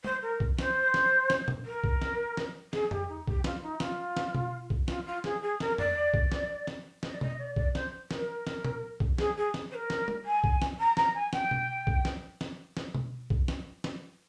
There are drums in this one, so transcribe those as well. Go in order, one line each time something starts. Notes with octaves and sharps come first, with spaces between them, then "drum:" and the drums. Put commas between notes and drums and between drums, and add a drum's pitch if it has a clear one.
C5, drum: tom
A#4
drum: kick B1
C5, drum: snare
drum: snare
drum: snare
drum: tom
A#4
drum: kick B1
drum: snare
drum: snare
G#4, drum: snare
G4, drum: tom E2
D#4
G4, drum: kick B1
F4, drum: snare
D#4
F4, drum: snare
drum: snare
drum: tom B2
drum: kick B1
F4, drum: snare
F4
G#4, drum: snare
G#4
A#4, drum: snare
D5, drum: tom E2
drum: kick B1
drum: snare
drum: snare
D#5, drum: snare
D5
D#5, drum: tom B2
D5
D5, drum: kick B1
C5, drum: snare
A#4, drum: snare
drum: snare
drum: tom
drum: kick B1
G#4, drum: snare
G#4
drum: snare
C5
A#4
drum: snare
drum: tom
G#5
drum: kick B1
drum: snare
A#5
A#5, drum: snare
G#5
G5, drum: snare
drum: tom B2
drum: kick B1
drum: snare
drum: snare
drum: snare
drum: tom B2
drum: kick B1
drum: snare
drum: snare